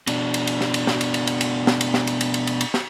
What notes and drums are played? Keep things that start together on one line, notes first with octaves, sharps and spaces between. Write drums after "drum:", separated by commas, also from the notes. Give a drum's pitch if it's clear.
B2 D4, drum: cymbal
drum: cymbal
drum: cymbal
drum: snare
drum: cymbal
drum: snare
drum: cymbal
drum: cymbal
drum: cymbal
drum: cymbal
drum: snare
drum: cymbal
drum: snare
drum: cymbal
drum: cymbal
drum: cymbal
drum: cymbal
drum: cymbal
drum: snare